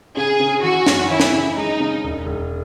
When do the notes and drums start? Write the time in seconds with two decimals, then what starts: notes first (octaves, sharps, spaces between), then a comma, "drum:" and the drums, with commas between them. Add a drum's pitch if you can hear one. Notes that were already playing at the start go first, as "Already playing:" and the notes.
0.17 C#3 G#4
0.40 C#3
0.63 E3 F#4
0.86 F#2, drum: snare
1.09 E3 E4
1.20 drum: snare
1.33 C#3
1.56 G#3 D#4
1.80 C#3
2.03 E1
2.26 E1